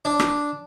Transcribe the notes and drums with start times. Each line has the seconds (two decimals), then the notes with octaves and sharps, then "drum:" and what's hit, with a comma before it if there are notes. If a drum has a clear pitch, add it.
0.05 D4
0.19 drum: rim click